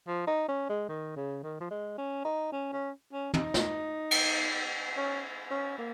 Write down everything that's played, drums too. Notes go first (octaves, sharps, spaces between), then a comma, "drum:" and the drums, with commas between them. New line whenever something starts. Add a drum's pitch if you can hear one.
F3
D#4
C#4
G#3
D#3
C#3
D#3
F3
G#3
C#4
D#4
C#4
C#4
C#4
D#4, drum: tom
drum: snare
drum: cymbal
C#4
C#4
A#3